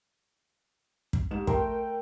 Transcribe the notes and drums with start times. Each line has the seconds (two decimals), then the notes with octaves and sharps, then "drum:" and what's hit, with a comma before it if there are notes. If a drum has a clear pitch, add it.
1.13 drum: kick
1.31 G#2 G4 E7
1.47 A3 A#4 G5 C6, drum: kick